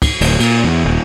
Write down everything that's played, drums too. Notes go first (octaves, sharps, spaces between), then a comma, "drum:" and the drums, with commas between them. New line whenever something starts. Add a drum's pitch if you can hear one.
drum: kick, cymbal
D1, drum: cymbal
A#2, drum: cymbal
E2
D#1